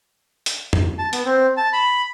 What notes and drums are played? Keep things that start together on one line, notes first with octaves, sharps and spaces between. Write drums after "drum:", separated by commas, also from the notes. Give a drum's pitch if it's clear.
drum: hi-hat
drum: tom
A5
B3, drum: hi-hat
C4
A5
B5